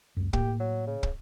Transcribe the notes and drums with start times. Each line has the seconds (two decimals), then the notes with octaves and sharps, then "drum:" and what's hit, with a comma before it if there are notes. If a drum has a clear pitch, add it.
0.17 C#2 F#2
0.33 A2 A#3 G4, drum: kick
0.60 F#3
0.87 C#3
1.03 drum: kick